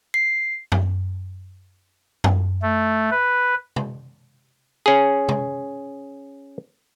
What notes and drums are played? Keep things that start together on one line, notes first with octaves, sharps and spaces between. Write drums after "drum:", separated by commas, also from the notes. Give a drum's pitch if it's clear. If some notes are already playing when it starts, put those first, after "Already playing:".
C7
drum: tom F#2
drum: tom F#2
A3
B4
drum: tom C3
C#4 G#4
drum: tom C3